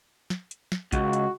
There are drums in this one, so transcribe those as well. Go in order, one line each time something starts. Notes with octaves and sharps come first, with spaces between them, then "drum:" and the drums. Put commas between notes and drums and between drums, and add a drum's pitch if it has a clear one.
drum: snare
drum: hi-hat
drum: snare
C#2 F#4, drum: kick A#1, hi-hat
drum: hi-hat